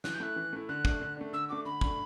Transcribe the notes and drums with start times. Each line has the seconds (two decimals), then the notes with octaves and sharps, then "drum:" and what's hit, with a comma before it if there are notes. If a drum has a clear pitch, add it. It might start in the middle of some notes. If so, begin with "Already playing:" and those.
0.04 E3 F#6, drum: snare
0.14 G6
0.20 A3 E4 F#6
0.36 E3
0.53 A3 E4
0.69 D3 F#6
0.85 A3 D4, drum: kick
1.01 D3
1.17 A3 D4
1.33 D3 E6
1.49 A3 D4 F#4 D6
1.65 D3 B5
1.81 A3 D4 F#4, drum: kick